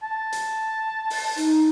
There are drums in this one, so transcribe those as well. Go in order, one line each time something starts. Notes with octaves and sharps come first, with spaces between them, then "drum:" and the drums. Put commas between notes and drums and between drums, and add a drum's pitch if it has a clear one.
A5
drum: hi-hat
drum: open hi-hat
D#4, drum: hi-hat